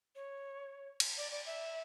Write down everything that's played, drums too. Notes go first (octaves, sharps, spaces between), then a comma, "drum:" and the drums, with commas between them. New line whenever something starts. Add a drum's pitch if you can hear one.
C#5
drum: cymbal
D5
D5
E5